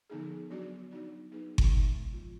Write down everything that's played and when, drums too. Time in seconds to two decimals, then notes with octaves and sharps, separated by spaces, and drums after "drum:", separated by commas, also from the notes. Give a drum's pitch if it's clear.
0.10 D3 F3 B3 D#4 G#4
0.50 F#3 B3 D4 F#4 D5
0.91 F#3 B3 D#4 F#4 D5
1.31 F#3 B3 D#4 G#4 B4
1.58 drum: kick G1
1.72 D3 G#3 D#4
2.13 F3 B3 F4